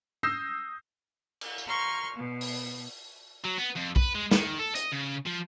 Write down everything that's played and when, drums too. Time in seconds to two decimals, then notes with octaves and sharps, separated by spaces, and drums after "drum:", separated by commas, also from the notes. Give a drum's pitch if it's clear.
0.23 D#6 E6 G6 A#6 C7 E7
1.41 drum: cymbal
1.58 drum: tambourine
1.68 A#5 C6 C#6 F6
2.15 B2
2.41 drum: open hi-hat
3.45 F#3
3.58 B3
3.76 F2
3.96 B4, drum: kick B1
4.15 G#3
4.31 D#3, drum: snare
4.59 A4
4.75 D#5, drum: hi-hat
4.92 C#3
5.27 F3